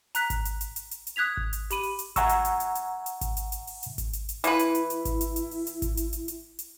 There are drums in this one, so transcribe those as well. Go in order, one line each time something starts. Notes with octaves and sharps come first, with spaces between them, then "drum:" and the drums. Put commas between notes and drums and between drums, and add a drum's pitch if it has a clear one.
A#5 F#6 B6, drum: hi-hat
drum: kick G#1, hi-hat
drum: hi-hat
drum: hi-hat
drum: hi-hat
drum: hi-hat
drum: hi-hat
D#6 F#6 G#6 B6 F7
drum: kick G#1
drum: hi-hat
G4 B5 D#7, drum: hi-hat
drum: open hi-hat
drum: hi-hat
E5 F#5 G#5 A#5 C#6 E6, drum: kick G#1, hi-hat
drum: hi-hat
drum: hi-hat
drum: hi-hat
drum: hi-hat
drum: hi-hat
drum: kick G#1, hi-hat
drum: hi-hat
drum: hi-hat
drum: open hi-hat
drum: hi-hat
drum: kick G#1, hi-hat
drum: hi-hat
drum: hi-hat
E3 E4 B4, drum: hi-hat
drum: hi-hat
drum: hi-hat
drum: hi-hat
drum: kick G#1, hi-hat
drum: hi-hat
drum: hi-hat
drum: open hi-hat
drum: hi-hat
drum: kick G#1, hi-hat
drum: hi-hat
drum: hi-hat
drum: hi-hat
drum: hi-hat